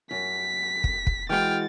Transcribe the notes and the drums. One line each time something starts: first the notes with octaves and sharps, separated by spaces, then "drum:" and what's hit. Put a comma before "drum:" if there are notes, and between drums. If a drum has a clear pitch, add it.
F#2 B6
drum: kick
drum: kick
E3 G#3 F#4 G5 F6 A6